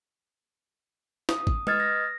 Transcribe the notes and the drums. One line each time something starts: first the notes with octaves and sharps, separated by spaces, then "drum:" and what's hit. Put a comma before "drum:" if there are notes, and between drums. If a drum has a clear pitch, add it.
D#6, drum: snare
drum: kick A1
B4 D#5 D#6 F6 G#6 A6, drum: tom G#3
A#6